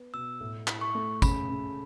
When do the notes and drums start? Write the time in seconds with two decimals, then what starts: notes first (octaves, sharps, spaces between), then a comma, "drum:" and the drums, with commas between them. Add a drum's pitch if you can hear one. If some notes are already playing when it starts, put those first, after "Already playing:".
Already playing: B3 B4
0.14 B2 E6
0.40 A2
0.67 E4, drum: clap
0.81 C#6
0.95 A3
1.22 C#3 B5, drum: kick, tambourine
1.49 C#3